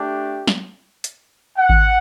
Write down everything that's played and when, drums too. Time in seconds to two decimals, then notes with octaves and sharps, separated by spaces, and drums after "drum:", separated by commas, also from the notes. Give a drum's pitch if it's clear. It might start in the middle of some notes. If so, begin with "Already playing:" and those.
Already playing: A3 D4 G4
0.47 drum: snare
1.04 drum: hi-hat
1.58 F#5
1.69 drum: kick G#1